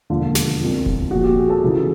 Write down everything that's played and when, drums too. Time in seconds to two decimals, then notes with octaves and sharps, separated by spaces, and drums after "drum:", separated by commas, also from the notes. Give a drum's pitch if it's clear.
0.10 E1 D#2 D3 F3 F4
0.35 drum: snare
0.60 C2 C3 F3
0.86 drum: kick E1
1.11 A#1 A#2 F3 F#4
1.24 G4
1.37 G#4
1.50 A4
1.63 C#2 C#3 E3